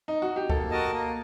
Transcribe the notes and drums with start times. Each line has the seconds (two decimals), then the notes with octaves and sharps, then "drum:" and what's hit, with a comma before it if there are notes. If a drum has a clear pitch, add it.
0.08 D#4
0.22 F#4
0.36 G4
0.50 A#3 A4, drum: kick C#2
0.70 F#4 A#4 D#5 A5
0.92 A#3